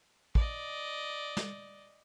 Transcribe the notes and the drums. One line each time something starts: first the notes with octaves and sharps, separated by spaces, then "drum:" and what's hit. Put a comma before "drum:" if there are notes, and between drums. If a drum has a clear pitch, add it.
D5 D#5, drum: kick
drum: snare